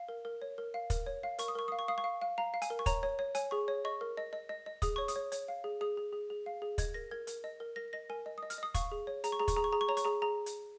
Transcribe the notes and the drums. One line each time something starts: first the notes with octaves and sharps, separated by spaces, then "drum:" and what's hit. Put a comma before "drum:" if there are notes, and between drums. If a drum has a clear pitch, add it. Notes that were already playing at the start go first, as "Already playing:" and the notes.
Already playing: F5
A#4
A#4
C#5
A#4
F5
A#4, drum: kick, hi-hat
C#5
F5
A#4 C#6, drum: hi-hat
D#6
A#4 C#6
F5 D#6
C#6
F5 D#6
C#6
F5
F5
F5 A#5
F5
G#5, drum: hi-hat
A#4
C#6
C#5 A#5, drum: kick, hi-hat
C#5
C#5
C#5 G#5, drum: hi-hat
G#4 C#6
C#5
D#5 C#6
A#4
D#5
D#5
D#5
D#5
G#4 D#6, drum: kick, hi-hat
C#5 C#6
D#6, drum: hi-hat
C#5
C#5, drum: hi-hat
F5
G#4
G#4 D#6
G#4
G#4
G#4
F5
G#4
D#5 G#6, drum: kick, hi-hat
A#4 A#6
A#4 G#6
A#4, drum: hi-hat
D#5
A#4
A#4 A#6
D#5 A#6
A#4 G#5
D#5
D#6
D#5
F6, drum: hi-hat
D#5 D#6
F5 C#6, drum: kick, hi-hat
G#4
C#5
G#4 A#5, drum: hi-hat
C#6
G#4 A#5
C#6, drum: kick, hi-hat
G#4 A#5
C#6
G#4 A#5
C#6
C#5 A#5
C#6, drum: hi-hat
G#4 A#5
G#4 A#5
drum: hi-hat